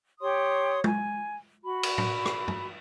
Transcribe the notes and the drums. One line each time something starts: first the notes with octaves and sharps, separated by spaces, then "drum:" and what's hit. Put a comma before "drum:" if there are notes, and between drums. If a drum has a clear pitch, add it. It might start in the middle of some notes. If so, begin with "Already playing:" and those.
G4 C#5 C6 D#6
G#5, drum: tom G#3
F#4 B5
drum: cymbal
drum: tom A2
drum: rim click
drum: tom G2